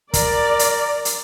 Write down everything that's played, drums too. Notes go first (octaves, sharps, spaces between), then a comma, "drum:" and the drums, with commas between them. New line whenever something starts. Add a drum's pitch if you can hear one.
A#4 D5, drum: kick, hi-hat
drum: hi-hat
drum: hi-hat